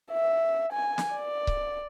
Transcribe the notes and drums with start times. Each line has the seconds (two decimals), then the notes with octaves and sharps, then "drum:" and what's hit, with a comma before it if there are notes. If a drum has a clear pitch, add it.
0.11 E5
0.73 G#5
0.98 drum: snare
1.15 D5
1.47 drum: kick C#1